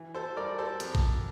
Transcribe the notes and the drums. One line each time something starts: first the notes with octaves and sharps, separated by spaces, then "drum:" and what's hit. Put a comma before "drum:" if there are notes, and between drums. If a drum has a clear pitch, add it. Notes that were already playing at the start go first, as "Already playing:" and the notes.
Already playing: E3
A4 C5
G3 A#4 D5
A4 C5
F2, drum: hi-hat
drum: kick